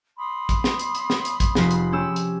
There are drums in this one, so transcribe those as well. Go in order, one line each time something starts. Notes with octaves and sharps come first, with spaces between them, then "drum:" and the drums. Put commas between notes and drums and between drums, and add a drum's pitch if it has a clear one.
B5 C6 D#6
drum: kick A1, hi-hat
drum: snare
drum: hi-hat
drum: hi-hat
drum: snare
drum: hi-hat
drum: kick A1, hi-hat
F1 B6 C7, drum: snare
drum: hi-hat
C#4 G4 E6
drum: hi-hat